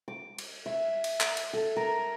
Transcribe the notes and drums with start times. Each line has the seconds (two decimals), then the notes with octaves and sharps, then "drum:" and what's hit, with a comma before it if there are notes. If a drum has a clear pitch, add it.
0.08 D6
0.38 drum: cymbal
0.66 E5
1.04 drum: cymbal
1.21 drum: clap
1.37 drum: cymbal
1.53 A4
1.76 A#4